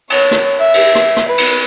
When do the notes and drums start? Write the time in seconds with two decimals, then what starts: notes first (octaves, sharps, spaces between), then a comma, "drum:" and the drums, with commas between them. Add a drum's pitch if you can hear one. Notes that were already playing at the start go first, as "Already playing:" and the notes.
0.10 C#5, drum: cymbal
0.31 drum: rim click
0.59 E5
0.74 drum: cymbal
0.95 drum: rim click
1.17 drum: rim click
1.28 B4
1.38 drum: cymbal